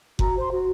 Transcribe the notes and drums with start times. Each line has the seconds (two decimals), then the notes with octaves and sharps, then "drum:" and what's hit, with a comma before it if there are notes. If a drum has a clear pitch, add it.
0.19 F#4 A#5, drum: kick F#1
0.35 C5
0.40 C6
0.51 F#4